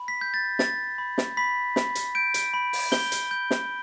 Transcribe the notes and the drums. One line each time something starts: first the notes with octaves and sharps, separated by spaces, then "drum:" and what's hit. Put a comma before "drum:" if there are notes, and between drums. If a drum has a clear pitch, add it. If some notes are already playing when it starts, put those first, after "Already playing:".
Already playing: B5
B6
G6
A6
G6 A6, drum: snare
B5
drum: snare
B5 B6
B5, drum: snare
drum: hi-hat
G6 D7
drum: hi-hat
B5
drum: open hi-hat
G6 G7, drum: snare
drum: hi-hat
G6
drum: snare